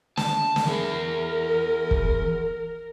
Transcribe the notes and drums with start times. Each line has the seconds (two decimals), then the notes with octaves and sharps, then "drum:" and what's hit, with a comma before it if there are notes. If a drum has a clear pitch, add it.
0.17 A5, drum: snare
0.56 drum: snare
0.66 E3 G#4 A#4
1.91 drum: kick